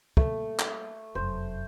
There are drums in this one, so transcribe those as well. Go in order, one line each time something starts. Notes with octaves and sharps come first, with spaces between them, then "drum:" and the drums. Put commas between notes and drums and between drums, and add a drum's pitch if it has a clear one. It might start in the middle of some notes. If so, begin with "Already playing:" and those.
G3 A3 A#3, drum: kick
drum: clap
F1 F#2 C5